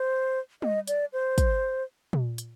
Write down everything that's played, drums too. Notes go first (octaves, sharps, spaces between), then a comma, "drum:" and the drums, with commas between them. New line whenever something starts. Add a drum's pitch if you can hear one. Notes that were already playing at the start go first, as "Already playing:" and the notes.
Already playing: C5
D#5, drum: tom G3
D5, drum: hi-hat
C5
drum: kick, hi-hat
drum: tom A#2
drum: hi-hat